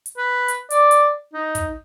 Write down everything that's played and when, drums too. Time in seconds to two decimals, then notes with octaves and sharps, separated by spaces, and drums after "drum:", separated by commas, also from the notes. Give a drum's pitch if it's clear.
0.06 drum: hi-hat
0.18 B4
0.48 drum: hi-hat
0.70 D5, drum: hi-hat
0.91 drum: hi-hat
1.33 D#4
1.55 drum: kick, hi-hat